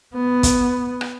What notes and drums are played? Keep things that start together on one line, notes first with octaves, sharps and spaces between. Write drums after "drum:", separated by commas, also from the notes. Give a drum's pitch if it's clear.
B3
drum: kick, hi-hat
drum: rim click